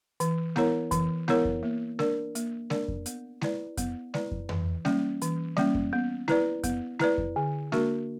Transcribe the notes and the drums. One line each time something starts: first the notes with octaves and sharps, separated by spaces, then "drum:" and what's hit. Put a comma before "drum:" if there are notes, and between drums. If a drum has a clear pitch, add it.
E3, drum: hi-hat
B3 E4 A#4 C#5, drum: snare G#3
E3, drum: kick F2, hi-hat
B3 E4 A#4 C#5, drum: snare G#3
drum: kick F2
A#3
D4 A#4 D5, drum: snare G#3
A#3, drum: hi-hat
D4 A#4 D5, drum: snare G#3
drum: kick F2
B3, drum: hi-hat
E4 B4 D5, drum: snare G#3
B3, drum: kick F2, hi-hat
E4 B4 D5, drum: snare G#3
drum: kick F2
E3, drum: tom F2
G3 A#3 C#4, drum: snare G#3
E3, drum: hi-hat
G3 A#3 C#4, drum: snare G#3
drum: kick F2
B3
E4 B4 D5, drum: snare G#3
B3, drum: kick F2, hi-hat
E4 B4 D5, drum: snare G#3
drum: kick F2
D3
A#3 D4 F#4 A#4, drum: snare G#3